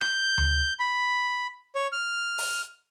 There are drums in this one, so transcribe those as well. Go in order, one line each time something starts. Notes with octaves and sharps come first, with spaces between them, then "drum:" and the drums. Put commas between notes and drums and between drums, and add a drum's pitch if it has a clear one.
G6, drum: rim click
drum: tom D2
B5
C#5
F6
drum: open hi-hat